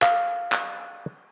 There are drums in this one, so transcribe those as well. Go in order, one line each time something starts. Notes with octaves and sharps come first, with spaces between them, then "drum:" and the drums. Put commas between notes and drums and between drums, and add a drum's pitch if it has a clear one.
F5, drum: clap
drum: clap